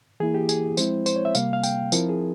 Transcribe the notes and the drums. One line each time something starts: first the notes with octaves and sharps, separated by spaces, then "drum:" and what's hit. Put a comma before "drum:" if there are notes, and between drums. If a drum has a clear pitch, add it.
E3 A#3 E4 G#4
G4
G#4, drum: tambourine
F3 G#3 C4 E4 C5, drum: tambourine
C5, drum: tambourine
C#5
E5
C3 G3 A#3 F5, drum: tambourine
F5
G5, drum: tambourine
F3 C4 E4 A#4, drum: tambourine
G#4